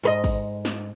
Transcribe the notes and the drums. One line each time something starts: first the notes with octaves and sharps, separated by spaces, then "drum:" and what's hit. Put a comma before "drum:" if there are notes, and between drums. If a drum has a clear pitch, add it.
G#2 B4 D#5
drum: kick, open hi-hat
drum: snare